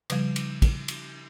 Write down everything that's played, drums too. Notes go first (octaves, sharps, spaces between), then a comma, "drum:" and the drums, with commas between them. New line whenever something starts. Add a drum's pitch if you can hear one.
C#3 F3 G3, drum: cymbal
drum: cymbal
drum: kick, cymbal
drum: cymbal